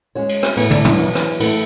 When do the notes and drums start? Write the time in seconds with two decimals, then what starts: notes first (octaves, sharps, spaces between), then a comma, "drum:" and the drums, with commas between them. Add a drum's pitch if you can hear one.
0.15 G#3 C#4 F#4 C#5
0.29 drum: cymbal
0.43 drum: rim click
0.57 A2 E3 A3 B3, drum: cymbal
0.71 D4, drum: tom
0.85 F#3, drum: tom
0.99 E3 B3 D4 F#4
1.07 F#3
1.15 E3, drum: rim click
1.40 A3 E4 B4, drum: cymbal